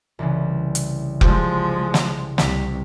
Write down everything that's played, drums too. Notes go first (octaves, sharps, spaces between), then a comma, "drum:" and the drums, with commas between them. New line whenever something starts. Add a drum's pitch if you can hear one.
C2 C#3 E3
drum: hi-hat
F3 G#3 G4, drum: kick F1
drum: snare
C2 B6, drum: snare